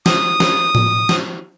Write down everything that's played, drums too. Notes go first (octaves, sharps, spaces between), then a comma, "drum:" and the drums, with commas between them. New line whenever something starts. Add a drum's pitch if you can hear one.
D#6, drum: snare
drum: snare
drum: tom A2
drum: snare